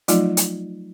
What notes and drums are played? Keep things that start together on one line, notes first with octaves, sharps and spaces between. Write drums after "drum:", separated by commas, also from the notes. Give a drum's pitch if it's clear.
F3 F#3 A3 D#4 F4 D5, drum: hi-hat
drum: hi-hat